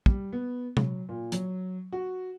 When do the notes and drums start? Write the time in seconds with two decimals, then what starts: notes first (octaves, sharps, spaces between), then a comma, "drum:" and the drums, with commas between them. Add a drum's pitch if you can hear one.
0.06 G3, drum: kick
0.33 B3
0.77 F#3, drum: tom C3
1.09 A#2
1.32 F#3, drum: hi-hat
1.92 F#4